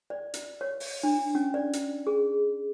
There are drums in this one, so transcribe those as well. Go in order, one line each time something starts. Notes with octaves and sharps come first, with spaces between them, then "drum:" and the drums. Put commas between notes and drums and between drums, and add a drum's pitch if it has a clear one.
D5
drum: hi-hat
C#5
drum: open hi-hat
D4
C#4
D5
drum: hi-hat
G#4